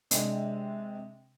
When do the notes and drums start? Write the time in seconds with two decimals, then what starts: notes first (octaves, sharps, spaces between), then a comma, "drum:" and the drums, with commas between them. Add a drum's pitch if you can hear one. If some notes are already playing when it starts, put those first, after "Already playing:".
0.11 C3 G#3 D4, drum: hi-hat